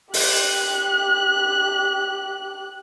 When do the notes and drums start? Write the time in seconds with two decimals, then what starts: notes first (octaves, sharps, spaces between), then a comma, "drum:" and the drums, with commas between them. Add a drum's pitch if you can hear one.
0.14 G4 F#6, drum: open hi-hat